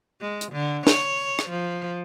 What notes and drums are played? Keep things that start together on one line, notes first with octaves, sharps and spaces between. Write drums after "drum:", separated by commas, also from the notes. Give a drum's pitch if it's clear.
G#3
drum: hi-hat
D3
C#5, drum: snare
drum: rim click
F3